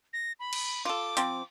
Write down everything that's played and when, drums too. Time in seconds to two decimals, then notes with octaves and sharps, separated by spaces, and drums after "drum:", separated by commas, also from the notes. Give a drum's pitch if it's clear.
0.13 A#6
0.40 B5
0.53 drum: cymbal
0.85 F4 A4 D6
1.17 F3 C4, drum: hi-hat